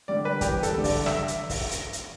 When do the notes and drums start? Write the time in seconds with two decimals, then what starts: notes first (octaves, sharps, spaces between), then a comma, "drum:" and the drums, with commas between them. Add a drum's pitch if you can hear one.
0.08 D3 G3 D5
0.25 B4
0.41 E2 G4, drum: kick, hi-hat
0.63 A4, drum: hi-hat
0.73 D3 G3
0.84 D5, drum: kick, open hi-hat
1.06 E5, drum: snare
1.28 drum: hi-hat
1.50 drum: kick, open hi-hat
1.71 drum: hi-hat
1.93 drum: hi-hat